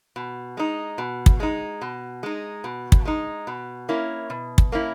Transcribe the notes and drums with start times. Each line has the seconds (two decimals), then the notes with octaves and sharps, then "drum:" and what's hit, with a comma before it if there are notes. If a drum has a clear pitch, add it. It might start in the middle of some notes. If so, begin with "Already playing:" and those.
0.16 B2
0.57 G#3 D#4
0.98 B2
1.26 drum: kick
1.40 G#3 D#4
1.82 B2
2.23 G#3 D#4
2.64 B2
2.92 drum: kick
3.05 G#3 D#4
3.47 B2
3.89 A#3 C#4 E4
4.30 B2
4.58 drum: kick
4.72 A#3 C#4 E4